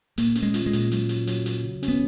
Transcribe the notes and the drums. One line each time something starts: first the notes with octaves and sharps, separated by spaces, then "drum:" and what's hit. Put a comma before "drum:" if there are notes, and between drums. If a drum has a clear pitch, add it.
A#2 A#3, drum: hi-hat
C#4, drum: hi-hat
G#3
F4, drum: hi-hat
G#3
A#2, drum: hi-hat
F#3, drum: hi-hat
F#3, drum: hi-hat
F#3, drum: hi-hat
F#3, drum: hi-hat
C#3
C#4, drum: hi-hat
B3